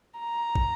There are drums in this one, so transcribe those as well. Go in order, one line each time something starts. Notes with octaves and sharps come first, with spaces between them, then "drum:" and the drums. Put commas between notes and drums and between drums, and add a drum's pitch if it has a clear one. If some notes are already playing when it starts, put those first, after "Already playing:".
A#5
drum: kick